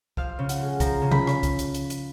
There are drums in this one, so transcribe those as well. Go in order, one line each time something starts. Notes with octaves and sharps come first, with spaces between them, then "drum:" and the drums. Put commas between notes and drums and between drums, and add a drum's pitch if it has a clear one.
F3 F5, drum: kick
C#3
F#5, drum: hi-hat
G#3
F3 A#5, drum: kick, hi-hat
C#3
B5, drum: tom C3
drum: rim click
drum: kick, hi-hat
drum: hi-hat
drum: hi-hat
drum: hi-hat